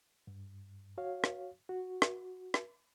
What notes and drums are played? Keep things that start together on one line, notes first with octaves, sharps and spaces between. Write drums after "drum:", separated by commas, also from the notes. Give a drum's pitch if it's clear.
G2
F#4 C#5 F5
drum: rim click
F#4
drum: rim click
drum: rim click